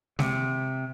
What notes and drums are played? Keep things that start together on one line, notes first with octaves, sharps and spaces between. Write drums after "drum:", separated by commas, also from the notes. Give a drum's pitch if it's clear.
C3, drum: snare